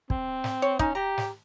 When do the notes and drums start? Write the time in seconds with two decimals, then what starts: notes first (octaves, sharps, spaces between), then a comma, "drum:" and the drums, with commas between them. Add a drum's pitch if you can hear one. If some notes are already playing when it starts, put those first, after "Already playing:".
0.10 C4, drum: kick
0.44 drum: snare
0.62 C#5
0.79 C#4 D#4, drum: kick
0.95 G4 A#5
1.18 drum: snare